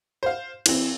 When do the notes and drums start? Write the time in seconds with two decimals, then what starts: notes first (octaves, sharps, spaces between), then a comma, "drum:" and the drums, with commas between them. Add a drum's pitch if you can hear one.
0.23 C5 F5
0.66 E3 C4, drum: cymbal